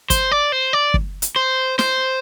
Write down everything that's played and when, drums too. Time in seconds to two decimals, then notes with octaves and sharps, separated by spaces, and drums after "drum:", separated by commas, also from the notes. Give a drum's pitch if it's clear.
0.10 C5, drum: kick, hi-hat
0.31 D5
0.52 C5
0.73 D5
0.94 drum: kick
1.22 drum: hi-hat
1.36 C5
1.79 C5, drum: snare